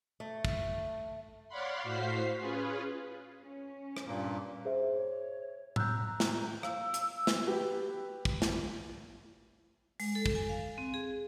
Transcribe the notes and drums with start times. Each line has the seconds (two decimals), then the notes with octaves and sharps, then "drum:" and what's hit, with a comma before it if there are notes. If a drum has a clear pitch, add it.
0.20 A3
0.45 drum: kick
1.48 C#5 D5 F5 F#5 B5 C6
1.83 A2 F#4 C5 F5 B6 C7
2.39 C#4 F4 G#4 B4
3.42 C#4
3.97 drum: rim click
4.07 G2 A#2 A#3
4.65 G#4 C5 E5
4.95 C#5
5.76 A#5 E6 F#6 G6, drum: tom A2
6.20 drum: snare
6.63 F5 E6, drum: rim click
6.94 drum: hi-hat
7.27 drum: snare
7.47 G4 B4
8.25 drum: kick
8.42 drum: snare
10.00 G#3, drum: open hi-hat
10.15 A4
10.26 drum: kick
10.35 G#5
10.49 F5
10.78 C4
10.94 G#4